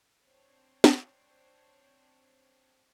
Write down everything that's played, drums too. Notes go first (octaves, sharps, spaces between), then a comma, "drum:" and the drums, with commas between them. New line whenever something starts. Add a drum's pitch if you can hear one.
C4 D4 C5 C#5
drum: snare